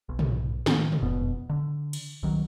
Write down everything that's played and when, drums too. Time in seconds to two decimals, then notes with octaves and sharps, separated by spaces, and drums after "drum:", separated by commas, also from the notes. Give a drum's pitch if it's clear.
0.09 B1
0.19 drum: tom
0.66 A2 D#3 F3, drum: snare
0.92 drum: tom
1.02 E1 F2 B2 B3
1.50 D3
1.93 drum: cymbal
2.23 C2 D#3 F#3